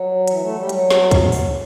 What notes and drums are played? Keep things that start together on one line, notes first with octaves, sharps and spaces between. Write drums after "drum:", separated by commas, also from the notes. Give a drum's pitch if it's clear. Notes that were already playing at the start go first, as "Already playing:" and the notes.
Already playing: F#3
E3, drum: hi-hat
A3
G3
F#3, drum: hi-hat
drum: snare
drum: kick, hi-hat
drum: open hi-hat